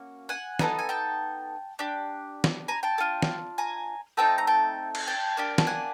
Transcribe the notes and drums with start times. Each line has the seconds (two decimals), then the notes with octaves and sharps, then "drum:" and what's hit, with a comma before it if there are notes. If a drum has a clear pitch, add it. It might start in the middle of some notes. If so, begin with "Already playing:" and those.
Already playing: A#3 C#4 F#4
0.29 F#5 G#5
0.59 B3 D#4 F#4 A4, drum: snare
0.79 G#5
0.89 G5 A5
1.79 D4 G4
2.44 drum: snare
2.68 G#5 A#5
2.83 G5 A5
2.98 D4 F4 A4
3.22 drum: snare
3.58 G#5 A#5
4.17 A3 C4 D#4 G5 A5
4.38 A#5
4.47 G5 A5
4.95 drum: cymbal
5.07 G5 A5
5.37 A#3 D4 G4
5.58 A5, drum: snare
5.67 F#5 G#5